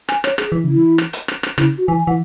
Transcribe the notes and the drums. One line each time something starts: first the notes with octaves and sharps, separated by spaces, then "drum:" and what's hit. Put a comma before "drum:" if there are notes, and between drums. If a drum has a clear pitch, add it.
G#5, drum: rim click
C#5, drum: rim click
G#4, drum: rim click
E3
C#3 E4
E3
drum: rim click
drum: hi-hat
drum: rim click
drum: rim click
C#3 E4, drum: rim click
F#4
E3 G#5
G#5
E3 F#5